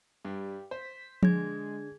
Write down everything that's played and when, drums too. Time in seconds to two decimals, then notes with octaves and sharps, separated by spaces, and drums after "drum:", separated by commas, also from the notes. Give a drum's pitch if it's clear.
0.25 G2 G3
0.71 C5 B6
1.23 D3 G#3 G#4 G#6, drum: tom F3